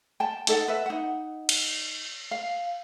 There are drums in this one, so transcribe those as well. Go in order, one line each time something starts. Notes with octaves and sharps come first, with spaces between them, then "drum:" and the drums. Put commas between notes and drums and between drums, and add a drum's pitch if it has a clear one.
G5 A5
D#4 A4 E5 F#5, drum: hi-hat
B4 E5
D#4 F#5
drum: cymbal
F5